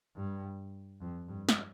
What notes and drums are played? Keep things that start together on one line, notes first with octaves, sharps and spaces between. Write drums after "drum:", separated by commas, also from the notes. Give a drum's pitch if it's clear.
G2
F2
G2
drum: snare